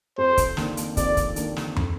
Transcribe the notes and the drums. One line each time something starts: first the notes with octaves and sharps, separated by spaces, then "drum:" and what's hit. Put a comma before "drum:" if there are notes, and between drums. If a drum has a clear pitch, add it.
F2 C5
drum: kick, hi-hat
D#3 A#3 D4, drum: snare
drum: hi-hat
F2 D5, drum: kick, hi-hat
drum: kick, hi-hat
D#3 A#3 D4, drum: hi-hat
drum: snare
D3, drum: tom